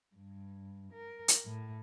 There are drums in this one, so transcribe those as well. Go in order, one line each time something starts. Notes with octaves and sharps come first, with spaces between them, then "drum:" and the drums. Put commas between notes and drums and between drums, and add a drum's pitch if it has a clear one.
G2
A#4
drum: hi-hat
A2